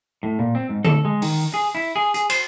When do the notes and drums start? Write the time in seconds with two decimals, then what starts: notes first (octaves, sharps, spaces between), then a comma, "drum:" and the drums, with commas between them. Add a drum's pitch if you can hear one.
0.23 A2
0.39 A#2
0.55 C4
0.69 G#2
0.85 A4, drum: tom D3
1.05 G#3
1.22 D#3, drum: open hi-hat
1.54 G#4
1.75 E4
1.96 G#4
2.14 G#4, drum: hi-hat
2.30 C5, drum: cymbal